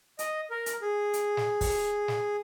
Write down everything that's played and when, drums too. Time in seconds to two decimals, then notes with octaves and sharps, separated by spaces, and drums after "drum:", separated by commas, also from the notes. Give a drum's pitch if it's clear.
0.19 D#5, drum: hi-hat
0.50 A#4
0.66 drum: hi-hat
0.82 G#4
1.13 drum: hi-hat
1.37 drum: snare
1.61 drum: kick, open hi-hat
2.08 drum: snare